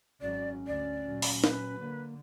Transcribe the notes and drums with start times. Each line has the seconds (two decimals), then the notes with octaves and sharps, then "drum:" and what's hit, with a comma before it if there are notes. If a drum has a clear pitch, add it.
0.21 G#1 F#3 C#4 D5
0.67 D2 D5
1.06 A#2 F#3
1.22 drum: open hi-hat
1.44 B4, drum: snare
1.80 D3 A#3